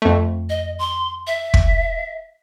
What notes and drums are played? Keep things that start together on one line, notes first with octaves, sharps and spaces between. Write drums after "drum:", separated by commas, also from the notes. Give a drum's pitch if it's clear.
F2 A3
D#5
C6
E5
drum: kick